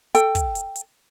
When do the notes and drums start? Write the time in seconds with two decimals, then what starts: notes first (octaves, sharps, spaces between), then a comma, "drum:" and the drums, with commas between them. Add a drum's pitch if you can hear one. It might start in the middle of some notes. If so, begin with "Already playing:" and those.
0.15 A4 G5, drum: hi-hat
0.35 drum: kick, hi-hat
0.55 drum: hi-hat
0.76 drum: hi-hat